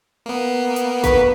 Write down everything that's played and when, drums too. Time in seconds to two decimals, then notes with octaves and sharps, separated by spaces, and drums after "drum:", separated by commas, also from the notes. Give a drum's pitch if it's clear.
0.26 A#3 B3
0.76 drum: hi-hat
1.04 B4, drum: kick G#1, hi-hat